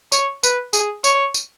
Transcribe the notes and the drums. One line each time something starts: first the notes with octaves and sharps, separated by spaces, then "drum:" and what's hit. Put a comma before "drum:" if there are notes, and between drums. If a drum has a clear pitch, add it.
C#5, drum: tambourine
B4, drum: tambourine
G#4, drum: tambourine
C#5, drum: tambourine
drum: tambourine